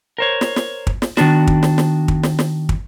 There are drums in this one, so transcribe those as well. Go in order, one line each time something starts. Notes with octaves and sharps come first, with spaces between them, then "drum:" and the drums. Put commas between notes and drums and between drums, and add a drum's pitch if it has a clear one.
A#4 C5 C#5
drum: snare
drum: snare
drum: kick
drum: snare
D#3 B3 D4 F#4, drum: snare
drum: kick
drum: snare
drum: snare
drum: kick
drum: snare
drum: snare
drum: kick